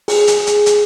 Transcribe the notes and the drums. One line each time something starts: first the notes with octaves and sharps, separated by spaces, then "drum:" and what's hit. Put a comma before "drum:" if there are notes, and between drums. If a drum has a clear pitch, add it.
G#4, drum: open hi-hat
drum: hi-hat
drum: hi-hat
drum: hi-hat